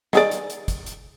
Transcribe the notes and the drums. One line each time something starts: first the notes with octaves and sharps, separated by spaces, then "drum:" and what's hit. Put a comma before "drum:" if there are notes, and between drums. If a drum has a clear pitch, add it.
D#3 G#4 D5, drum: snare
drum: hi-hat
drum: hi-hat
drum: kick, hi-hat
drum: hi-hat